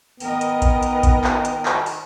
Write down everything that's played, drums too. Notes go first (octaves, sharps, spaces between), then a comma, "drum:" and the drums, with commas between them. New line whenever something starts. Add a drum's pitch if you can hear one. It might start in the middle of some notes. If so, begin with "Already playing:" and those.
D#3 B3 A#4 D#5 G5, drum: open hi-hat
drum: hi-hat
drum: kick A#1, hi-hat
drum: hi-hat
drum: kick A#1, hi-hat
drum: clap
drum: hi-hat
drum: clap
drum: open hi-hat